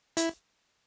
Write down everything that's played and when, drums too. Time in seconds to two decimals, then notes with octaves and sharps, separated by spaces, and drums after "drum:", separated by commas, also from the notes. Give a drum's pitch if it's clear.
0.17 E4, drum: hi-hat